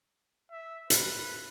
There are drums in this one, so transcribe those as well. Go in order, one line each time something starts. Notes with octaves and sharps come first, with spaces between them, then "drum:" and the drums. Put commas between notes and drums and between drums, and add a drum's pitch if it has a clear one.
E5
B4, drum: hi-hat